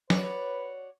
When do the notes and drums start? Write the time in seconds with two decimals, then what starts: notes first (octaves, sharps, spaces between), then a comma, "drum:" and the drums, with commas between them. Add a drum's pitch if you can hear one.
0.10 F#4 B4 C#5 D5, drum: snare